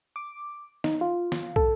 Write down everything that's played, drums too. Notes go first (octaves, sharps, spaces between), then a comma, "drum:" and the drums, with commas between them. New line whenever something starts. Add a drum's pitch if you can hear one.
D6
D#4, drum: snare
F4
drum: snare
A4, drum: kick